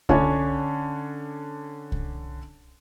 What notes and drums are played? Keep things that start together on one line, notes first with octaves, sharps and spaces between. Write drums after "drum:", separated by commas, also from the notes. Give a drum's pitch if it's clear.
D3 C#4 D4 C#5, drum: kick C2
drum: kick C2